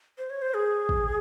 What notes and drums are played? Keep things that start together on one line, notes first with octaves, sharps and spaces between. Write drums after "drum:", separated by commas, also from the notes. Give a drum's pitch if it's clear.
C5
C#5
C5
G#4
drum: kick